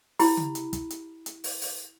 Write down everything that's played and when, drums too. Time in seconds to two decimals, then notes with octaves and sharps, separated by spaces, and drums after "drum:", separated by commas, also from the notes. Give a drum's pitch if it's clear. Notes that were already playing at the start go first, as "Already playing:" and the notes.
0.19 E4 G4 B5, drum: open hi-hat
0.37 drum: tom C#3
0.55 drum: hi-hat
0.73 drum: kick, hi-hat
0.90 drum: hi-hat
1.26 drum: hi-hat
1.44 drum: open hi-hat
1.61 drum: open hi-hat